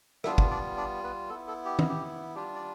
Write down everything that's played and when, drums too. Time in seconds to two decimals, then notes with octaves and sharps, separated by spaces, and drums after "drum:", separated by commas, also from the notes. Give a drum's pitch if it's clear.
0.24 G3 B3 D4 E4 F4 E5, drum: rim click
0.38 drum: kick
0.51 D4 D5
0.77 D4 D5
1.04 B3 B4
1.30 B3 E4 A4
1.48 A4
1.65 G4
1.79 drum: tom
1.89 G4
2.35 G3 D4 F4 G4
2.55 D5